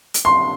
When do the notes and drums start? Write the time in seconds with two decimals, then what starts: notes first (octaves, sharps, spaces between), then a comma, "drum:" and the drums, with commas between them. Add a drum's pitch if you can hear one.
0.14 drum: hi-hat
0.25 C6